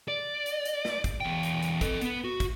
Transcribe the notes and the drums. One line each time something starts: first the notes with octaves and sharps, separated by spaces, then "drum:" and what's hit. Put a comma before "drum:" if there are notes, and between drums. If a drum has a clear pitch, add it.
D5
drum: hi-hat
drum: hi-hat
drum: snare
drum: kick, hi-hat
E2 G5
drum: hi-hat
drum: hi-hat
A4 D#5, drum: kick, hi-hat
B3 B4, drum: hi-hat
F#4
drum: kick, hi-hat